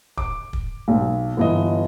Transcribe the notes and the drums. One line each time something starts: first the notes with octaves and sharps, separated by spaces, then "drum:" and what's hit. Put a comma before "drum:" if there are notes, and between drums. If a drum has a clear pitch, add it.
D6, drum: kick
drum: kick
B1
G1 E3 D#5